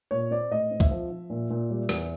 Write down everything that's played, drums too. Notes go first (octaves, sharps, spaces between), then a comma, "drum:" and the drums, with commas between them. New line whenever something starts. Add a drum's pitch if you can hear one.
A#2 C#5
C4 D5
A2 D#5
C4
E5, drum: kick C#2
F3
F3
A#2
A#2
G3
E2, drum: rim click